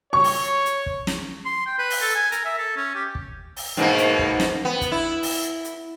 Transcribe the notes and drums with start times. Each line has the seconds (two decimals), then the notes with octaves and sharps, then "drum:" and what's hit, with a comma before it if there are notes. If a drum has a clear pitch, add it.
0.13 C#5 C#6
0.24 drum: open hi-hat
0.66 drum: hi-hat
0.86 drum: kick
1.07 drum: snare
1.46 C6
1.66 G5
1.79 B4
1.90 drum: open hi-hat
2.01 A4
2.15 G#5
2.32 A#4, drum: hi-hat
2.45 E5
2.58 A4
2.77 C#4
2.95 G4
3.15 drum: kick
3.56 drum: open hi-hat
3.77 G#2 B2 A#3
3.98 drum: hi-hat
4.19 drum: kick
4.40 drum: snare
4.65 B3
4.81 drum: kick, hi-hat
4.92 E4
5.23 drum: open hi-hat
5.64 drum: hi-hat